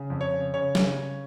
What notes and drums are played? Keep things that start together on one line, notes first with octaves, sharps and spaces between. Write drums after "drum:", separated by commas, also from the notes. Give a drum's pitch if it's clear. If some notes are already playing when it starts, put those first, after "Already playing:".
Already playing: C#3
F2
C#5
C#3
C#3 C#5
C#3, drum: snare
C#3